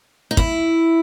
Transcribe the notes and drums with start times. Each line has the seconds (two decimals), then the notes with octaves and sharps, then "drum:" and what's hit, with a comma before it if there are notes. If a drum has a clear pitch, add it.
0.31 D#4
0.37 E4, drum: kick